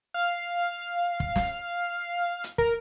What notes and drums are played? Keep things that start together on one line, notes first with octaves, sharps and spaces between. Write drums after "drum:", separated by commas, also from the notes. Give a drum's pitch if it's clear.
F5
drum: kick
drum: snare
drum: hi-hat
A#4, drum: kick